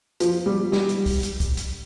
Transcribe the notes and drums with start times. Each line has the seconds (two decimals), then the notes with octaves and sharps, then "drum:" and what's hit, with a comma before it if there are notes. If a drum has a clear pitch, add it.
0.20 F3, drum: hi-hat
0.46 G3
0.72 G3, drum: snare G#3
0.89 drum: hi-hat
1.06 drum: kick, open hi-hat
1.23 drum: hi-hat
1.40 drum: kick, hi-hat
1.57 drum: hi-hat